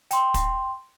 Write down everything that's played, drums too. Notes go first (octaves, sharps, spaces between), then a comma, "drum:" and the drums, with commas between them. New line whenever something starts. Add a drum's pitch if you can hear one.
G5 C6, drum: hi-hat
drum: kick, hi-hat